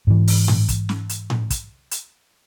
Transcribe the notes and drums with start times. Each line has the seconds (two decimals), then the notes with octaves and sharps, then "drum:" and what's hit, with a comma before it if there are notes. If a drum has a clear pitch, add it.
0.07 G#2 E3
0.27 drum: open hi-hat
0.48 drum: tom A2
0.68 drum: kick, hi-hat
0.89 drum: snare
1.09 drum: hi-hat
1.30 drum: tom A2
1.50 drum: kick, hi-hat
1.91 drum: hi-hat